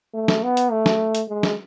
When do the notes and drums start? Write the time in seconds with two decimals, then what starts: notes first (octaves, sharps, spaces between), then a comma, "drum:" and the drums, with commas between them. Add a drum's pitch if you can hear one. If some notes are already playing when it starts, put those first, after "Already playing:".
0.14 A3
0.28 drum: snare
0.43 B3
0.57 drum: hi-hat
0.71 A3
0.86 drum: snare
1.15 drum: hi-hat
1.28 G#3
1.43 drum: snare